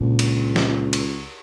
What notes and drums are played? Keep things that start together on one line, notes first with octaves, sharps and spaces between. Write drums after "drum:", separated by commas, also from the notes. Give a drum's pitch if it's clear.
C#2 A#2 D3
drum: cymbal
drum: snare
drum: cymbal